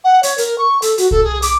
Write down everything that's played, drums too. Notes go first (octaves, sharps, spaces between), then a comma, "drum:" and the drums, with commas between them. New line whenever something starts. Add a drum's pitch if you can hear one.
F#5
C#5, drum: hi-hat
A#4, drum: hi-hat
C#6
A4, drum: hi-hat
F#4, drum: hi-hat
A4, drum: kick C2
G#4
D6, drum: hi-hat